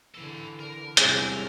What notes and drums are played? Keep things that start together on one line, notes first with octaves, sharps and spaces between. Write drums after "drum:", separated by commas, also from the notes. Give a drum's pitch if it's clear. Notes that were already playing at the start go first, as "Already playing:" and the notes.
D3 E3 A4 C6
A#4
E2 G#2 C3 G3 C4 G#4 G#5, drum: hi-hat